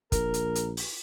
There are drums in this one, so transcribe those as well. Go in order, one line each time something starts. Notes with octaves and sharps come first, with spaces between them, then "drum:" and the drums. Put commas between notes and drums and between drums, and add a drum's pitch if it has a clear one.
A#1 A#4, drum: kick, hi-hat
drum: hi-hat
drum: hi-hat
drum: open hi-hat